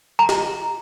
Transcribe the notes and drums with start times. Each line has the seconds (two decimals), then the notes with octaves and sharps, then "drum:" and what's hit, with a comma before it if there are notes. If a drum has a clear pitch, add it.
0.19 A#5
0.29 drum: snare